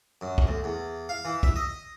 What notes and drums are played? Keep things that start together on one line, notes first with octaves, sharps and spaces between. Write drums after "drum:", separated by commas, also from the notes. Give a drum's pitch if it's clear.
F#2
drum: kick
D2
E2
F5
E3
E5, drum: kick
D#5